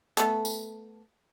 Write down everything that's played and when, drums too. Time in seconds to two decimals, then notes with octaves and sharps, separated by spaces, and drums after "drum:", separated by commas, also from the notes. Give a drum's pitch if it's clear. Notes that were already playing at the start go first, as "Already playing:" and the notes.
0.17 A3 B3 A4, drum: hi-hat
0.45 drum: tambourine